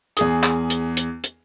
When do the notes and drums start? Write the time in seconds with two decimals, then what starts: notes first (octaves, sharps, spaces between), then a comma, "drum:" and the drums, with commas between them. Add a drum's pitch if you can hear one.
0.17 E2 G#4 D#6, drum: hi-hat
0.43 drum: clap
0.70 drum: hi-hat
0.97 drum: hi-hat
1.24 drum: hi-hat